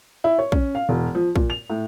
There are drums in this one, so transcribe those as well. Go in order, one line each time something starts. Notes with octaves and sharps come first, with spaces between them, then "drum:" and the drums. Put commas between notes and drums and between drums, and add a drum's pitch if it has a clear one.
E4
C#5
C#4, drum: kick
F5
E1
F3
A#2, drum: kick
F7
A2